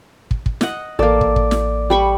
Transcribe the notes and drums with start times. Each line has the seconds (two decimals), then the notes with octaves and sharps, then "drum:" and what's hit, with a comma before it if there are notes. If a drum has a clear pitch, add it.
0.31 drum: kick
0.46 drum: kick
0.61 D#5 F#5, drum: snare
0.99 A1 A#3 A4 D5 D6
1.21 drum: kick
1.36 drum: kick
1.51 drum: snare
1.90 G3 B5 C#6